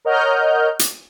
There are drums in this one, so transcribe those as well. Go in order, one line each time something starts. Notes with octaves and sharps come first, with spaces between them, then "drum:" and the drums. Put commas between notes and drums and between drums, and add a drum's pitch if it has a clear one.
A#4 C#5 D#5 F#5 F6 G6
drum: hi-hat